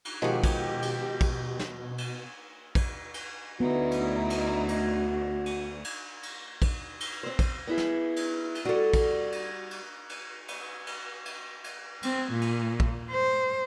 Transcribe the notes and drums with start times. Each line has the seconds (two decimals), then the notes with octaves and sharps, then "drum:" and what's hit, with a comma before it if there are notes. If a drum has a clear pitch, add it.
0.05 drum: cymbal
0.22 B2 D#3 F3 G#3 F#4 G4 D#5
0.44 drum: kick, cymbal
0.82 drum: cymbal
1.21 drum: kick, cymbal
1.59 drum: snare
1.98 drum: cymbal
2.75 drum: kick, cymbal
3.14 drum: cymbal
3.60 D2 B3 D#4 E4 F#4 D5
3.91 drum: cymbal
4.30 drum: cymbal
4.69 drum: cymbal
5.46 drum: cymbal
5.84 drum: cymbal
6.23 drum: cymbal
6.62 drum: kick, cymbal
7.00 drum: cymbal
7.23 C4 C5
7.39 drum: kick, cymbal
7.67 B3 E4 G#4
7.78 drum: snare
8.16 drum: cymbal
8.55 drum: cymbal
8.65 G3 D4 F#4 A4
8.94 drum: kick, cymbal
9.32 drum: cymbal
9.71 drum: cymbal
10.09 drum: cymbal
10.48 drum: cymbal
10.87 drum: cymbal
11.25 drum: cymbal
11.64 drum: cymbal
12.03 C4, drum: cymbal
12.32 A#2
12.41 drum: cymbal
12.80 drum: kick
13.11 C5